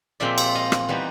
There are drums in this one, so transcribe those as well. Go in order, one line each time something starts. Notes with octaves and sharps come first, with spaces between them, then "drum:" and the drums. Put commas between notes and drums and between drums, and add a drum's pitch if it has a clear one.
A#2 F3 G#3 C4 F4 D5 E5
drum: cymbal
D#5 F5
drum: rim click
E3 G3 B3 D#4